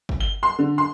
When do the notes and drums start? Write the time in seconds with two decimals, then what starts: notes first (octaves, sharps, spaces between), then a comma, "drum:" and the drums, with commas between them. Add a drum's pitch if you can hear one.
0.09 drum: kick
0.20 G7
0.43 C6
0.59 D3
0.78 C6